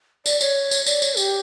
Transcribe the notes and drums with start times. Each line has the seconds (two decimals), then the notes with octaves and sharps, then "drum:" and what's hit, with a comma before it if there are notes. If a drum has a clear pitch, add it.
0.26 D5, drum: tambourine
0.41 C#5, drum: tambourine
0.71 drum: tambourine
0.86 D5, drum: tambourine
1.02 C#5, drum: tambourine
1.17 G4, drum: tambourine